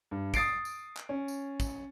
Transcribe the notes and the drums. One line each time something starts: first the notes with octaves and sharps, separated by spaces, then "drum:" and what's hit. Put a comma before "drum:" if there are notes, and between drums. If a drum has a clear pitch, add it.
G2
D#6 A6 C7 D7, drum: kick, tambourine
drum: tambourine
drum: clap
C#4
drum: tambourine
drum: kick, tambourine